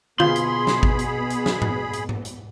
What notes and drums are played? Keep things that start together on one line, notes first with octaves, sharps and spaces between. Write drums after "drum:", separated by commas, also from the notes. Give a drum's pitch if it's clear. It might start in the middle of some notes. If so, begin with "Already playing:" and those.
B2 B3 F4 G#4 B5 C6, drum: tom D3
drum: hi-hat
drum: snare
drum: kick G#1
drum: hi-hat
drum: hi-hat
drum: snare
drum: tom G#2
drum: hi-hat
drum: tom G#2
drum: hi-hat